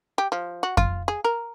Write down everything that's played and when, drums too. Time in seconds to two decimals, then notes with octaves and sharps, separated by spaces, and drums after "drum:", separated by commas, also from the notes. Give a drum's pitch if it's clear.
0.18 G4
0.32 F3
0.63 F#4
0.77 F4, drum: kick F2
1.08 G#4
1.24 A#4